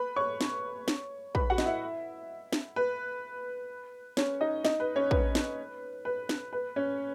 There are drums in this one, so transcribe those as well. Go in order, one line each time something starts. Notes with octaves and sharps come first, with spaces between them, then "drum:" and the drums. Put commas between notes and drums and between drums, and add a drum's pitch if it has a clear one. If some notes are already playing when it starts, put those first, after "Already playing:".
Already playing: B4 B5
C#5 C#6
drum: snare
drum: snare
B4 B5, drum: kick
F#4 F#5
D#5, drum: snare
E4 E5
drum: snare
B4
C#4 C#5, drum: snare
D#4 D#5
D#4 D#5, drum: snare
B4
C#4 C#5
B4, drum: kick
drum: snare
B4
drum: snare
B4
C#4 C#5